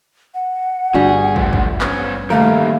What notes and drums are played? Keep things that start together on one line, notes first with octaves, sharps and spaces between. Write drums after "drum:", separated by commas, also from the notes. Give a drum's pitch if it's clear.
F#5
G1 G2 G3 D4 F#4 G#4
F3 A3, drum: kick
drum: kick
B3 C#4, drum: clap
D#2 A2 G3 A3 A#4 F5, drum: tom C3